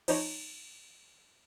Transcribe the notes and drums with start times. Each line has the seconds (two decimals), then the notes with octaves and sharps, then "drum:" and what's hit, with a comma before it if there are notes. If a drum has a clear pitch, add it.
0.08 F3 D#4 C#5, drum: cymbal